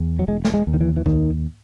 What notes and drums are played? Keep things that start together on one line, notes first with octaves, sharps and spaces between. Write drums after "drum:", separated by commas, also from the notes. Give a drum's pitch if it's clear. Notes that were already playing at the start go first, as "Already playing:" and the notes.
Already playing: E2
F#3
E1 G#3
A3, drum: snare
G#3
D#2
D#3
E3
E3
D#2 D#3, drum: kick C2